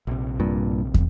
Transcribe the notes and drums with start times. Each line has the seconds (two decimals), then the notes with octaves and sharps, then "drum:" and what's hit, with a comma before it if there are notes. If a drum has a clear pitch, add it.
0.07 A#1 C3
0.40 G2 A#2
0.94 drum: kick